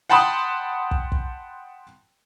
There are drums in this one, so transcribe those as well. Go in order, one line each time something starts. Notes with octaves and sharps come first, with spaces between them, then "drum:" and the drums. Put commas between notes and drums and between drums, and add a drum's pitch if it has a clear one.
F#5 G5 A5 B5 C6 D#6
drum: kick
drum: kick